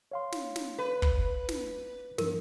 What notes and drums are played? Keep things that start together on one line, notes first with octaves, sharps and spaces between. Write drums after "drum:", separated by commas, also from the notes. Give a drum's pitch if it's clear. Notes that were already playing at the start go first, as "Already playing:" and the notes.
C#5 F5 C6
drum: snare
drum: snare
B4
drum: kick
drum: snare
G2 F3 A#4, drum: snare